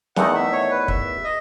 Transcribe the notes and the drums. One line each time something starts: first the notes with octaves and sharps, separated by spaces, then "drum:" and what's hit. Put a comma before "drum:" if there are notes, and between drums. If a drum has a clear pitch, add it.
E2 D#3 A3 D#4 F#5, drum: snare
E5
C#5
B4
E5, drum: kick
D#5